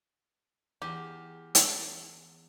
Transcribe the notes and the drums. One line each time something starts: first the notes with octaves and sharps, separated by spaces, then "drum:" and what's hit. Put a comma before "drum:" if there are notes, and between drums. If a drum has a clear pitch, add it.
E2 G4
drum: hi-hat